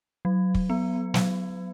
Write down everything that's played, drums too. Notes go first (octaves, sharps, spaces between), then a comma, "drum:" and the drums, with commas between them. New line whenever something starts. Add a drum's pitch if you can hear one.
F#3
drum: kick
B3
F#3, drum: snare